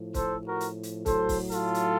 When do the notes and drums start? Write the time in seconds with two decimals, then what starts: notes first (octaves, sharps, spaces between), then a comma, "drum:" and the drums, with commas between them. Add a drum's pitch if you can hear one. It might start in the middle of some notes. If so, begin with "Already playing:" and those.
Already playing: A2 F3
0.14 A4 C5, drum: kick, hi-hat
0.45 F#4 A#4
0.60 drum: hi-hat
0.83 drum: hi-hat
1.06 A2 F#3 A4 C5, drum: kick, hi-hat
1.29 drum: kick, open hi-hat
1.51 F4 A4, drum: hi-hat
1.74 drum: hi-hat